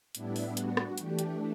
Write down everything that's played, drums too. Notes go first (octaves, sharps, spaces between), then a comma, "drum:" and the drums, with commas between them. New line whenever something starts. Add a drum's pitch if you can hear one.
A2 G3 B3 D4 E4, drum: hi-hat
drum: open hi-hat
F#4, drum: hi-hat
drum: rim click
E3 A3 D4 G4, drum: hi-hat
drum: hi-hat